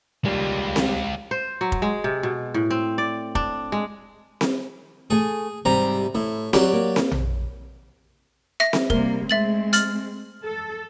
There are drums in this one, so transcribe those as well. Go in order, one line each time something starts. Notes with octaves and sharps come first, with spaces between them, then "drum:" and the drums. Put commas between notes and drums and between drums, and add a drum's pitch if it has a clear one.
D#2 G3 G#3 F4
drum: snare C4
C5
F#3
drum: kick F1
G#3
C3
B2
A2
C4
D5
D4, drum: kick F1
G#3
drum: snare C4
A3 G#4 G#5
G#2 C3 G3 C4 A#5
A2 E4
F#3 F#4 G4 D5, drum: snare C4
A#3
drum: snare C4
drum: tom A#1
E5 A#6, drum: rim click
drum: snare C4
C3 G3 A#3 A#4, drum: kick F1
G#3 A3 C4 E5 A6 F#7
F6 A6 F#7, drum: hi-hat
A4